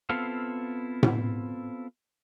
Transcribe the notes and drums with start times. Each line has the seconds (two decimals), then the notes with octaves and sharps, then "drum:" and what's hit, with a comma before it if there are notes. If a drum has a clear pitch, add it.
0.10 B3 C4 E4 F4 A4 F5
1.03 drum: tom A2